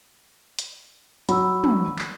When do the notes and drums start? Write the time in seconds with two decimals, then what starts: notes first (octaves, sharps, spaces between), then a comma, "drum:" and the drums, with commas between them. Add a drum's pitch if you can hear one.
0.59 drum: hi-hat
1.29 F#3 B5 E6, drum: hi-hat
1.64 drum: tom
1.99 drum: clap